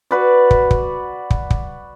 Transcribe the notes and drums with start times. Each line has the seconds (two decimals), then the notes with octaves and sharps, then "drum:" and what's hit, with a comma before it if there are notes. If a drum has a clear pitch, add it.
0.11 F#4 B4 D5
0.51 drum: kick
0.71 drum: kick
1.30 drum: kick
1.50 drum: kick